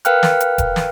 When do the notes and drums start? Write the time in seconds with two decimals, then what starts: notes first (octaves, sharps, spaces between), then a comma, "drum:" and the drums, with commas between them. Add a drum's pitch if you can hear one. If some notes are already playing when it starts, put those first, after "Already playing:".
0.05 A#4 B4 F5 G5 F6 F#6, drum: hi-hat
0.23 drum: snare
0.40 drum: hi-hat
0.58 drum: kick E1, hi-hat
0.76 drum: snare